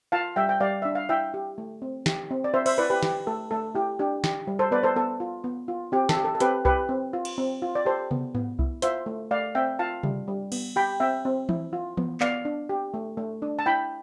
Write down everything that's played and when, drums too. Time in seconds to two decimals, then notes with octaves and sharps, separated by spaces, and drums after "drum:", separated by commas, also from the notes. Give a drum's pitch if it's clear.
0.12 F4 F5 A5
0.36 G3 E5 G5
0.49 G5
0.60 G3 D5 F5
0.82 D4 E5
0.95 F5
1.09 E4 E5 G5
1.34 G4
1.58 A3
1.82 C4
2.06 G4, drum: snare
2.31 C4
2.44 D5
2.54 C4 C5 E5
2.66 C5 E5, drum: cymbal
2.78 E4 B4 D5
2.90 G4 B4
3.03 G4, drum: snare
3.27 A3 A4
3.51 A3 A4
3.75 E4 G4
3.99 D4 G4
4.24 G4, drum: snare
4.47 G3
4.59 A4 C5
4.71 B3 B4 D5
4.83 A4 C5
4.96 B3 A4
5.20 F4
5.44 B3
5.68 F4
5.92 C4 G4
6.09 A4, drum: snare
6.17 G4
6.24 A4
6.35 A4
6.40 C4 G4 B4, drum: hi-hat
6.65 G4 B4, drum: kick C2
6.89 C4
7.13 F4
7.25 drum: cymbal
7.38 C4
7.62 F4
7.75 D5
7.85 G4 A4 C5
8.11 B3, drum: tom C3
8.35 B3, drum: tom G#2
8.59 E4, drum: kick C2
8.82 F4 C5 E5, drum: hi-hat
9.06 A3
9.31 A3 D5 F5
9.55 C4 E5 G5
9.79 F4 F5 A5
10.03 G3, drum: tom C3
10.28 G3
10.52 B3, drum: cymbal
10.76 G4 G5 B5
11.00 C4 E5 G5
11.25 C4
11.49 E4, drum: tom E3
11.73 F4
11.97 B3, drum: tom E3
12.20 B3 D5 F5, drum: clap
12.45 D4
12.69 G4
12.94 A3
13.17 A3
13.42 D4
13.59 A5
13.66 E4 G5 B5